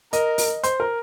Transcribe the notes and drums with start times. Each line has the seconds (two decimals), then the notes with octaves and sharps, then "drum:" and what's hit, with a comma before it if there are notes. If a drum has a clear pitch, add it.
0.13 A#4 D#5, drum: hi-hat
0.38 drum: open hi-hat
0.63 C5, drum: hi-hat
0.80 A#4